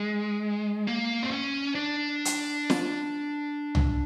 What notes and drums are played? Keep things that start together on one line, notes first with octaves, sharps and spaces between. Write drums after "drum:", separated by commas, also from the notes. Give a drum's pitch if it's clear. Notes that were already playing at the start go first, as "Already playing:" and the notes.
Already playing: G#3
A#3
C4
C#4
D4
drum: hi-hat
drum: snare
drum: tom